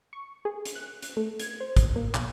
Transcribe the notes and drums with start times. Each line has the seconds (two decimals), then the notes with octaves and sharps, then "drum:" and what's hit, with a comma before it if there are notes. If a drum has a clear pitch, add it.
0.13 C#6
0.45 G#4
0.65 drum: hi-hat
0.75 F#6
1.02 drum: hi-hat
1.17 A3
1.39 G#6, drum: hi-hat
1.60 C5
1.77 drum: kick, hi-hat
1.96 A#3
2.15 B1, drum: clap